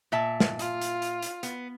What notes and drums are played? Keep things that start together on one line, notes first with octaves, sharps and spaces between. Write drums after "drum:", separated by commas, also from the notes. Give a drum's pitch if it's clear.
A#2 E5 A5
drum: snare
F4, drum: hi-hat
drum: hi-hat
drum: hi-hat
drum: hi-hat
B3, drum: hi-hat